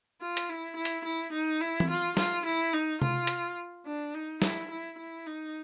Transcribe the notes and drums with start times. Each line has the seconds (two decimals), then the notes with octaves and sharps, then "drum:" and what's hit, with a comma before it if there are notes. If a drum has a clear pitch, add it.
0.21 F4
0.37 drum: hi-hat
0.49 E4
0.76 E4
0.85 drum: hi-hat
1.05 E4
1.32 D#4
1.61 E4
1.80 drum: tom E3
1.90 F4
2.17 F4, drum: snare
2.46 E4
2.73 D#4
3.02 F4, drum: tom C3
3.27 drum: hi-hat
3.86 D4
4.14 D#4
4.42 E4, drum: snare
4.71 E4
4.98 E4
5.26 D#4